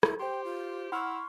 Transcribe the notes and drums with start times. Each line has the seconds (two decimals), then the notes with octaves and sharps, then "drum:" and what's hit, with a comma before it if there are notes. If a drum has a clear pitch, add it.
0.03 E4, drum: rim click
0.19 G4 C5 G5 C6
0.44 F4
0.92 E4 F#5 C6 C#6 E6 F6